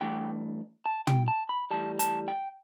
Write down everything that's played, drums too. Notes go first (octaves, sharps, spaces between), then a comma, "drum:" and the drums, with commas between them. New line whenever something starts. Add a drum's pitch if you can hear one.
G2 E3 A3 G5
A5
G5, drum: tom
A5
B5
A2 E3 G3 A5
A5, drum: hi-hat
G5